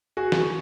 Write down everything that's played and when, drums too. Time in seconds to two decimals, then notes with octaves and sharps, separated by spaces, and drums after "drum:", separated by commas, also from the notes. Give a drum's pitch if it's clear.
0.17 F#4 G#4
0.32 drum: snare